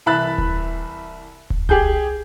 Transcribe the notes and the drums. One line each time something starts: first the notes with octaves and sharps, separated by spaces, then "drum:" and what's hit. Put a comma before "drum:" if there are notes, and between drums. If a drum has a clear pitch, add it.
C2 E3 E5 B5 F#6 A6
drum: kick D#1
drum: kick D#1
G4 G#4 G#5 G6, drum: tom C2